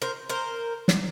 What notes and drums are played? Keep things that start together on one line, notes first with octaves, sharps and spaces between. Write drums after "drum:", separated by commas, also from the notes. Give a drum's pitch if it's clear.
A#4 C5
A#4 C5
drum: snare